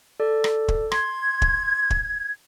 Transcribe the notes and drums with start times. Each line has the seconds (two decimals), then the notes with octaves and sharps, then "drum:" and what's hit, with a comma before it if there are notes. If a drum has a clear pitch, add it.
0.20 A4 D5
0.44 drum: rim click
0.68 drum: kick
0.92 C6 G#6, drum: rim click
1.42 drum: kick
1.90 drum: kick